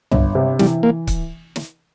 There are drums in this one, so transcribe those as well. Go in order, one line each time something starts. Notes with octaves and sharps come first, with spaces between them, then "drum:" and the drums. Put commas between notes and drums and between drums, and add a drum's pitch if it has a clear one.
G1, drum: tom C2
C3
E3 G3, drum: snare
A#3
drum: kick C#1, hi-hat
drum: snare